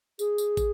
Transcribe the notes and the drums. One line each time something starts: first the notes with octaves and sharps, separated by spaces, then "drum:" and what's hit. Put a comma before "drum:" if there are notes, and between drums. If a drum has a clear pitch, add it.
G#4, drum: tambourine
drum: tambourine
drum: kick, tambourine